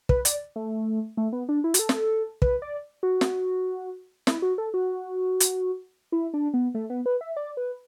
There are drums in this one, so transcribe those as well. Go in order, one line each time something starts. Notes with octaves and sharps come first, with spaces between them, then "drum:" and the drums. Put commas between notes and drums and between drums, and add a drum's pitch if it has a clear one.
B4, drum: kick
D5, drum: hi-hat
A3
A3
B3
D4
E4
F#4, drum: hi-hat
A4
drum: snare
B4, drum: kick
D5
F#4
drum: snare
E4, drum: snare
F#4
A4
F#4
drum: hi-hat
E4
D4
B3
A3
B3
B4
E5
D5
B4